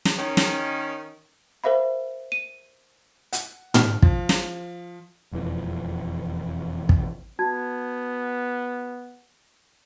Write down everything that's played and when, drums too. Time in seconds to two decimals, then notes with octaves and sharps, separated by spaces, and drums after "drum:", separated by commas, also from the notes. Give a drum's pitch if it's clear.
0.05 drum: snare
0.18 D#3 C#4
0.37 drum: snare
1.64 A#4 C5 E5 F5 B5
2.32 D#7
3.33 F#5, drum: hi-hat
3.74 F6, drum: tom
4.02 F3, drum: kick
4.29 drum: snare
5.33 E1 F2 E3 F3
6.89 drum: kick
7.39 B3 F#4 A5 G#6